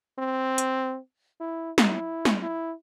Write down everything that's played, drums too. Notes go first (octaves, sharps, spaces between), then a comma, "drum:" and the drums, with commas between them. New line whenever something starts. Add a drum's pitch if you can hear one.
C4
drum: hi-hat
E4
drum: snare
E4
drum: snare
E4